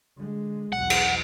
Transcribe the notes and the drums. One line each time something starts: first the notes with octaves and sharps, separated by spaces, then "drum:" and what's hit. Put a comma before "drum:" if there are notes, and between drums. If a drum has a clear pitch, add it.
D3 G#3
B1 E2 F#5
drum: cymbal